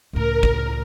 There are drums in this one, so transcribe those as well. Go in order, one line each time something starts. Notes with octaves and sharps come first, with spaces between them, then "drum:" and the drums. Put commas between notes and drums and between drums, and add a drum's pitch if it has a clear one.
C#2 A2 A#4
drum: kick